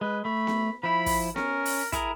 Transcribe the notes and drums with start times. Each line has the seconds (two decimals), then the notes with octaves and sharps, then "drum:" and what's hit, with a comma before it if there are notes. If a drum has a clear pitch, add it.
0.01 G#3 B4
0.25 A3 B5
0.47 drum: snare B3
0.83 F3 E4 B5
1.06 drum: kick, open hi-hat
1.36 C#4 A#4, drum: snare B3
1.65 drum: open hi-hat
1.92 E4 G#4 A#4, drum: kick, hi-hat